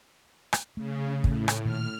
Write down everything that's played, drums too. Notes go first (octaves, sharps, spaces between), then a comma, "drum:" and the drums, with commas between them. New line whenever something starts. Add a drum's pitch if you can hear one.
drum: rim click
C#3 A3
A2, drum: kick
drum: rim click
A#2 D#3 F6